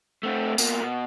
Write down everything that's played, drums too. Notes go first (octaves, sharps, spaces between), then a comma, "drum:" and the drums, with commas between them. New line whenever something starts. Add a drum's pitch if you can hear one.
A3 C4
B2 A#3, drum: tambourine
B2